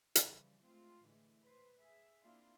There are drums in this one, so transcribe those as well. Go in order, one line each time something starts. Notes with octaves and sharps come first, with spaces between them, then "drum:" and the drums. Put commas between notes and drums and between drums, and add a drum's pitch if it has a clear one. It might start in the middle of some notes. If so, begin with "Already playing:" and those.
C#3 E3 F3 G3, drum: hi-hat
G#3 A3 C4 F4
A2 D3 E3 G#3
B4 C5
G#4 E5
A#3 C4 D4 E4 F4